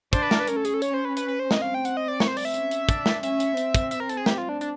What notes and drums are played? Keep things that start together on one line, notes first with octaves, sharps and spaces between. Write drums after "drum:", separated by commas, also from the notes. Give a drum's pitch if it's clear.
D4 C5, drum: kick, hi-hat
B4
A#4, drum: snare
B4
C#4 A#4, drum: hi-hat
A4
G#4, drum: hi-hat
A4
C#5, drum: hi-hat
C5
B4
B4, drum: hi-hat
B4
C5
C4 D#5, drum: snare
F5
G5
F#5, drum: hi-hat
D#5
D5
C#5, drum: snare
C5
D5, drum: open hi-hat
E5
C#4, drum: hi-hat
drum: hi-hat
D4, drum: kick, hi-hat
drum: snare
C#4 E5, drum: hi-hat
drum: hi-hat
C4, drum: hi-hat
drum: kick, hi-hat
E5, drum: hi-hat
A#4
A4, drum: hi-hat
G#4
G4, drum: snare
F4
D4
D4, drum: hi-hat